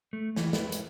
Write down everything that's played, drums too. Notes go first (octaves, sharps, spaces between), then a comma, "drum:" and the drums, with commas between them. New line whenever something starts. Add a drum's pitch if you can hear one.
A3
E3, drum: snare
B4, drum: snare
drum: hi-hat